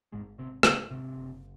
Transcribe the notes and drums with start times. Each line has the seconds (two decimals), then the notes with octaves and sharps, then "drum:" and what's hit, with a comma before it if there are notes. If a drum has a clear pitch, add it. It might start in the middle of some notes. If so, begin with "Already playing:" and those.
0.12 G#1 G#2 G#3
0.38 G#1 C3 C4
0.63 G#1 C#3 C#4, drum: rim click
0.90 G#1 C3 C4
1.16 F#1